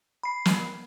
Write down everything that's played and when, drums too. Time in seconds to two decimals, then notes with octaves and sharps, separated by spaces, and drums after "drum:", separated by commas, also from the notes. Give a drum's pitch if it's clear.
0.23 B5 C7
0.45 drum: snare